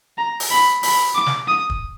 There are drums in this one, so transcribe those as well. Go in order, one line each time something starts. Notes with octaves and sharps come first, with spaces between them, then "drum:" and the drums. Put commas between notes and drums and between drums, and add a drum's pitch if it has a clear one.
A#5
drum: open hi-hat
B5
B5, drum: open hi-hat
D6
drum: snare
D#6
drum: kick